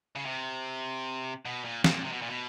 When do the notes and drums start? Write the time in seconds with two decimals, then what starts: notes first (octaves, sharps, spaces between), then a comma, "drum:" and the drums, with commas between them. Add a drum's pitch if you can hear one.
0.16 C#3
0.26 C3
1.45 B2
1.65 A#2
1.84 A#2, drum: snare
2.04 C3
2.12 B2
2.22 A#2
2.30 B2